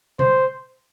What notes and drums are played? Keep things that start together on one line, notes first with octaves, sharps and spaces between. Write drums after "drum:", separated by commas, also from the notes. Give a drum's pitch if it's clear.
C5, drum: tom B2